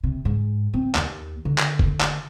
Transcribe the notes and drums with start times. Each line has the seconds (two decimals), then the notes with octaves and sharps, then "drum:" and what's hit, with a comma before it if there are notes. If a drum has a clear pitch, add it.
0.04 C3
0.25 G#2
0.74 C4
0.95 D#2, drum: clap
1.45 D3
1.58 drum: clap
1.79 drum: kick F1
2.01 drum: clap